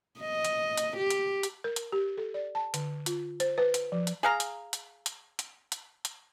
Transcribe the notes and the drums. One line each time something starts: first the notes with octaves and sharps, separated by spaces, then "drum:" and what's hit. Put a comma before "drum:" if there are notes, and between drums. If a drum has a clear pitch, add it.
D#5
drum: hi-hat
drum: hi-hat
G4
drum: hi-hat
drum: hi-hat
A#4
drum: hi-hat
G4
A4
D5
A5
D3, drum: hi-hat
F4, drum: hi-hat
C5, drum: hi-hat
B4
drum: hi-hat
F3
drum: hi-hat
G#4 F5 A#5
drum: hi-hat
drum: hi-hat
drum: hi-hat
drum: hi-hat
drum: hi-hat
drum: hi-hat